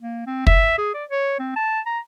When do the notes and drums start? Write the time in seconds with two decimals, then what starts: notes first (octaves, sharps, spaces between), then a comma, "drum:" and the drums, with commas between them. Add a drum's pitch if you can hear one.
0.01 A#3
0.26 C4
0.47 E5, drum: kick
0.78 G#4
0.94 D5
1.10 C#5
1.39 C4
1.56 A5
1.86 A#5